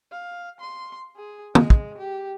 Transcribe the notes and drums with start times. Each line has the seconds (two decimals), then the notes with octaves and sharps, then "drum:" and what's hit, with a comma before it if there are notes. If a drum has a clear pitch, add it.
0.12 F5
0.61 C6
1.16 G#4
1.55 G#3, drum: tom
1.70 drum: kick
1.98 G4